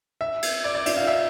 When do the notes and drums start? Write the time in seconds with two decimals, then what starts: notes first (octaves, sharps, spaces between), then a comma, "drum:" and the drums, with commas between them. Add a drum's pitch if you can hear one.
0.21 E5
0.43 drum: cymbal
0.64 D5
0.75 D5
0.86 E5, drum: cymbal
0.97 F5
1.07 E5